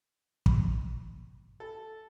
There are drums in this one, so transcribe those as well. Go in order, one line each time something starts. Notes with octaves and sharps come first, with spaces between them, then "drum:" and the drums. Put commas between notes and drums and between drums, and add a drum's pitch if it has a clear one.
drum: kick
A4